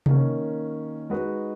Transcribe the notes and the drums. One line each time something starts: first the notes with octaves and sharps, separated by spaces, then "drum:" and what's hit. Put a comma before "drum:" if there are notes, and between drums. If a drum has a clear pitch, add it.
D#3 A#3 C#4, drum: tom C3
G#3 D#4 F#4 B4